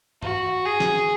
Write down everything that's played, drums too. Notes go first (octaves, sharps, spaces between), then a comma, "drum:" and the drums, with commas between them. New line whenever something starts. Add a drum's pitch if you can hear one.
F#4, drum: tom G2
G#4
drum: snare